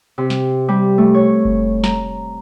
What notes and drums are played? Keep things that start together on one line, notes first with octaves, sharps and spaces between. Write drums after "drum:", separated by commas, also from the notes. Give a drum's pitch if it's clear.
C3
drum: snare
G3
A3
C#5
drum: kick F#1
A#5, drum: snare